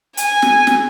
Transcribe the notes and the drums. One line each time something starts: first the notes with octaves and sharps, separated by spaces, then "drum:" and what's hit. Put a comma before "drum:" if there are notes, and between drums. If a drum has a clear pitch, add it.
G#5, drum: hi-hat
drum: snare
drum: snare